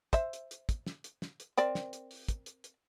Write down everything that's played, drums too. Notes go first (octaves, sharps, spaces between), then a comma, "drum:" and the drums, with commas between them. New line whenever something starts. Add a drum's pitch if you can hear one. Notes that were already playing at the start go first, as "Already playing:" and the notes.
C5 E5, drum: kick, hi-hat
drum: hi-hat
drum: hi-hat
drum: kick, hi-hat
drum: snare
drum: hi-hat
drum: snare
drum: hi-hat
C4 A#4 D5, drum: hi-hat
drum: snare
drum: hi-hat
drum: open hi-hat
drum: kick, hi-hat
drum: hi-hat
drum: hi-hat